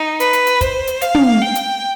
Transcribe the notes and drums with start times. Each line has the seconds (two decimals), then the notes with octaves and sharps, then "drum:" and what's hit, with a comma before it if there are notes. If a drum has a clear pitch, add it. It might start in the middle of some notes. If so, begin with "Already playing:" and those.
Already playing: D#4
0.20 B4, drum: hi-hat
0.33 drum: hi-hat
0.47 drum: hi-hat
0.61 C5, drum: kick, hi-hat
0.87 drum: hi-hat
1.02 F5, drum: hi-hat
1.15 drum: tom
1.41 G5
1.55 drum: hi-hat